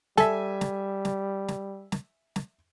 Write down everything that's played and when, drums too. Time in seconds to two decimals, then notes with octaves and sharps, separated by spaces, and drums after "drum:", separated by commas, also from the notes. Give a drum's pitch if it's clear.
0.17 G3 A4 E5 G#5, drum: snare
0.61 drum: snare
1.05 drum: snare
1.48 drum: snare
1.92 drum: snare
2.36 drum: snare